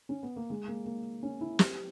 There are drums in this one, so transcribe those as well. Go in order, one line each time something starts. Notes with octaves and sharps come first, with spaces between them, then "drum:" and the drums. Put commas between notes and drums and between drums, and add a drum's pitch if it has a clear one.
C#4
B3
A#3
G#3
A#3
A#3
C#4
E4
G4, drum: snare